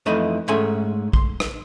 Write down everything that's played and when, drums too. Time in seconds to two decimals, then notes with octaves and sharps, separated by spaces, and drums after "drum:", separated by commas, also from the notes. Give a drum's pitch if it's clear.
0.06 F2 E3 A3 D#4 D#5 B5
0.48 G#2 G#3 A3 C#4 G#5
1.13 C6, drum: kick
1.40 drum: rim click